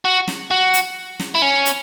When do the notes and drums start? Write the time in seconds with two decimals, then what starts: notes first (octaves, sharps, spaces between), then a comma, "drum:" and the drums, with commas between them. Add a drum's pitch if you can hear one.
0.05 F#4
0.28 drum: snare
0.51 F#4
0.74 drum: hi-hat
1.20 drum: snare
1.35 E4
1.42 C#4
1.66 drum: hi-hat